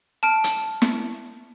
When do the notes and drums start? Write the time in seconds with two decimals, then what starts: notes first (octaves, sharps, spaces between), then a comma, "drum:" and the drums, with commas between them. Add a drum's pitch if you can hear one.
0.23 A5 F6 D7
0.44 drum: hi-hat
0.82 drum: snare